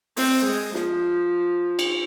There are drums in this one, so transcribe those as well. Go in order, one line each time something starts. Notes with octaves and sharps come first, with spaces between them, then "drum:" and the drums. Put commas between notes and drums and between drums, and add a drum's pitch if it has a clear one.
C4, drum: open hi-hat
G#3
F3, drum: snare
drum: cymbal